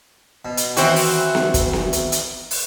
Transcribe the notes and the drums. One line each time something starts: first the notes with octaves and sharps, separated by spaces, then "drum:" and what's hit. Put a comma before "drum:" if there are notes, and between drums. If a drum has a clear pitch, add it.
B2
drum: hi-hat
D#3 E3 C4 F#4, drum: hi-hat
drum: open hi-hat
drum: snare B3
drum: kick, hi-hat
drum: snare B3
drum: hi-hat
drum: hi-hat
drum: open hi-hat